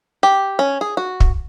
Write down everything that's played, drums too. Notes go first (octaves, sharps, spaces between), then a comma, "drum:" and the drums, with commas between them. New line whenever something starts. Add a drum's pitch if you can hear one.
G4
C#4
G#4
F#4
drum: kick